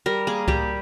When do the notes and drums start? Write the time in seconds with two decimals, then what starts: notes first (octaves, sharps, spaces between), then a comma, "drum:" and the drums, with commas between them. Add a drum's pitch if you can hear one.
0.06 G3 A#4
0.27 A#3 G#4
0.48 G3 G4, drum: kick C#2